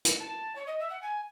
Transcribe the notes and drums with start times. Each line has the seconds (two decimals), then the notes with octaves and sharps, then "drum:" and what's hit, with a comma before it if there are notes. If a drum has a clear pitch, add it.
0.05 drum: hi-hat
0.20 A5
0.56 C#5
0.67 D#5
0.79 E5
0.90 F#5
1.02 G#5